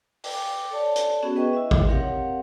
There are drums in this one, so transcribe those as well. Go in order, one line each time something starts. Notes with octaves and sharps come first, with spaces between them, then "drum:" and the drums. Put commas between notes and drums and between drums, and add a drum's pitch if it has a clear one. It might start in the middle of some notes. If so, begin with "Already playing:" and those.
G5 D6, drum: open hi-hat
A4 C#5 D5 A5
drum: hi-hat
B3 C#4 F#4 G#4
B4 D#5 G5 C#6
E4 D#5 E5
drum: kick G#1
C4 G4 A#4 C#5 F5 F#5